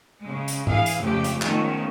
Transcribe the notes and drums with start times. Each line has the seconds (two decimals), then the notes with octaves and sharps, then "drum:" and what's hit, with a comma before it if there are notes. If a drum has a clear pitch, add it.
0.21 C#3 G#3
0.48 drum: hi-hat
0.67 E3 G#4 F5, drum: tom G#2
0.86 drum: hi-hat
1.00 F2 C#3 G#3 A3 G4
1.24 drum: hi-hat
1.42 D#3 F3 G#3 A3 B3 C#4, drum: clap